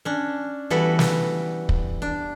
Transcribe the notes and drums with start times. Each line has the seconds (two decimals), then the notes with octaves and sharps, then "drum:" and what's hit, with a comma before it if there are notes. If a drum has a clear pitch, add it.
0.05 C#4 D4
0.70 E3 G3 B3 F#4 A4 B4
0.99 drum: snare
1.69 drum: kick
2.02 D4